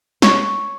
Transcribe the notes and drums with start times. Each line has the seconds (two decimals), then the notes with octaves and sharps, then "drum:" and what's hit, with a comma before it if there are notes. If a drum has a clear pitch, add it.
0.22 C#5, drum: snare